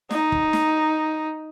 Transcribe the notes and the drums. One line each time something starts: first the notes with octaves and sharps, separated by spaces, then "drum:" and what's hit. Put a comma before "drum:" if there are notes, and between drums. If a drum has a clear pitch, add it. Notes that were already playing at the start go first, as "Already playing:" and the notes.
D#4, drum: snare
drum: kick
drum: snare